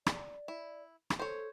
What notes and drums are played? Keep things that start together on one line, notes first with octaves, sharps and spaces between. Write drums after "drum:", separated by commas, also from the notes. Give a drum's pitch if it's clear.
D5, drum: rim click
E4
drum: rim click
A4 C5 C#5